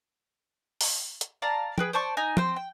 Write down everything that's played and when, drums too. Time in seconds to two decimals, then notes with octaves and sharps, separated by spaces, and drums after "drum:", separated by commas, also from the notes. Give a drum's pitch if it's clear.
0.81 drum: open hi-hat
1.21 drum: hi-hat
1.42 D5 F5 A5 A#5
1.78 G#4 B4 G5, drum: tom
1.93 C5 D5 A5 C#6
2.17 D#4 G#5
2.37 C4 C5 G5, drum: tom
2.56 G5